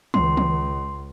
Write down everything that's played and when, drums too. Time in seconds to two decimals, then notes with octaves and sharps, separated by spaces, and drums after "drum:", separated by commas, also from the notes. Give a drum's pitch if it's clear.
0.14 C#2 C6, drum: tom
0.37 drum: tom